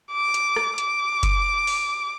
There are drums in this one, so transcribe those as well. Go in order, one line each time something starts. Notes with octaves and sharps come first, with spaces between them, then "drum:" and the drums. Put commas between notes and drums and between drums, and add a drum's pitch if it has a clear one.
D6
drum: hi-hat
drum: rim click
D6, drum: hi-hat
drum: kick F#1, hi-hat
drum: open hi-hat